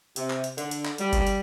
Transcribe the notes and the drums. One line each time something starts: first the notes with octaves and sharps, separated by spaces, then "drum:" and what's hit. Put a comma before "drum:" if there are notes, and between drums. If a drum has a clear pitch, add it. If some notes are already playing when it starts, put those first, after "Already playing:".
C3, drum: hi-hat
drum: clap
drum: hi-hat
D3, drum: hi-hat
drum: hi-hat
drum: clap
G3, drum: hi-hat
drum: kick G1, hi-hat
drum: hi-hat